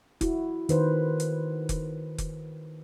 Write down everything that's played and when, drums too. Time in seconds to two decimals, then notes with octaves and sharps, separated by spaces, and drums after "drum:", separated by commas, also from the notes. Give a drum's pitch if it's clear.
0.21 E4 F#4, drum: kick F1, hi-hat
0.69 D#3 B4 C5, drum: hi-hat
1.20 drum: hi-hat
1.69 drum: kick F1, hi-hat
2.18 drum: kick F1, hi-hat